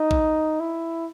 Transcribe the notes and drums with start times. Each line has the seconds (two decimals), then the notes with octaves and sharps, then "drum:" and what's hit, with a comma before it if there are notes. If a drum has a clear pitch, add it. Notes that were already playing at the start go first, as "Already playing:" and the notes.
Already playing: D#4
0.11 drum: kick A#1
0.60 E4